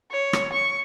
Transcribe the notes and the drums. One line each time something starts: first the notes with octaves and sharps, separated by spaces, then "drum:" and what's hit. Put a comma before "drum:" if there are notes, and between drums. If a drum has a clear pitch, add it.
C#5
drum: rim click
C#6